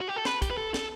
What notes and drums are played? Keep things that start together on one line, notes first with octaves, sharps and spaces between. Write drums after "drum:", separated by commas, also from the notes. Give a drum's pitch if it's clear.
F#4
G4
A4
B4, drum: snare
G4, drum: kick, hi-hat
B4
A4
A4, drum: snare